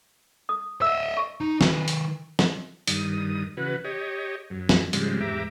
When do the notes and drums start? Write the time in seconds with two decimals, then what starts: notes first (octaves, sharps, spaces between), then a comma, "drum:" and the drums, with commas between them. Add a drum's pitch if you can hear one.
0.49 D#6
0.82 D#5 E5 E6
1.17 C#6
1.41 D#4
1.61 D#3 B4, drum: snare
1.88 drum: hi-hat
2.39 drum: snare
2.87 G2 D#3 D#6, drum: hi-hat
3.57 C#3 E3 F#4 B4
3.84 G4 C#5 D#5
4.50 F#2
4.69 drum: snare
4.93 G#2 C#3 F3 G3 G#3 C4, drum: hi-hat
5.21 E2 G#2 G4 E5 A#5 D6